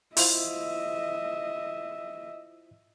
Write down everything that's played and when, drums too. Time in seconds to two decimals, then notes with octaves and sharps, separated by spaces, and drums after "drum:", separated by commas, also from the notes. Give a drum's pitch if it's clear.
0.17 E4 F4 C5 D#5 E5, drum: open hi-hat